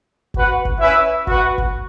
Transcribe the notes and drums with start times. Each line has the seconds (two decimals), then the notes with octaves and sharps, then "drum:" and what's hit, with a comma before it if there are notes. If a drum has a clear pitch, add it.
0.34 F#4 B4 F#5, drum: kick G1
0.65 drum: kick G1
0.80 C#4 E4 B4 E5
1.27 F#4 B4 F#5, drum: kick G1
1.58 drum: kick G1